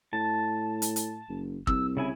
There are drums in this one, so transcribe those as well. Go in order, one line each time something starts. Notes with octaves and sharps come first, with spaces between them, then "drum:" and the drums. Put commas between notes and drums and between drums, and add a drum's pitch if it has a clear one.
A2 A5
drum: hi-hat
drum: hi-hat
F#1
C2 E6, drum: kick
C#3 E4 G#5